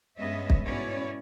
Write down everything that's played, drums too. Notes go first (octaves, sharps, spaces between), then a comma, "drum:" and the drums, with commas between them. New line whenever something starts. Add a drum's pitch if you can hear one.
G2 G#3 B3 C#4 D#5 E5
drum: kick
G#2 B2 C#4 E4 C#5 D5